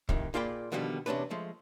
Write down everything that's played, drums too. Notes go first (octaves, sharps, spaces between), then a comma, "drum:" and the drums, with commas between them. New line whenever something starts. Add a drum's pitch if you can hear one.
F2 A2 C3 D#3, drum: kick
A#2 F4 G#4 D5 G5 B5
B2 D3 D#3 F3 G3 B3
E2 C3 C#4 D4 B4
F3 G#3 A3